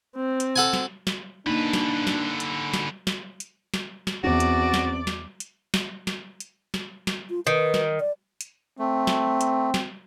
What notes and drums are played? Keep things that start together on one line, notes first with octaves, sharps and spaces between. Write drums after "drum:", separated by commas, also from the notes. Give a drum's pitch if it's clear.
C4
drum: hi-hat
A4 F#5 G#5
drum: snare
drum: snare
D3 A#3 D4 D#4 B4
drum: snare
drum: snare
drum: hi-hat
drum: snare
drum: snare
drum: hi-hat
drum: snare
drum: snare
E2 C4 C#4 F#4 D5
drum: hi-hat
drum: snare
drum: snare
drum: hi-hat
drum: snare
drum: snare
drum: hi-hat
drum: snare
drum: snare
F4
D#3 B4
drum: snare
D5
drum: hi-hat
A3 C4
drum: snare
drum: hi-hat
drum: snare